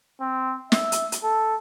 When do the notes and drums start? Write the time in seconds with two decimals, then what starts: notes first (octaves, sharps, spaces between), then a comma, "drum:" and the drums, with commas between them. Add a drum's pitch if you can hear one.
0.21 C4
0.72 E5, drum: snare
0.92 drum: hi-hat
1.12 drum: hi-hat
1.24 A4